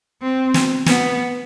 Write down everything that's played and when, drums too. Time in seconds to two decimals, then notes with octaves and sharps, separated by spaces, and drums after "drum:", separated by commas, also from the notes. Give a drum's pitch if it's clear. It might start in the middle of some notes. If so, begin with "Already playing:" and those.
0.22 C4
0.54 drum: snare
0.86 B3, drum: snare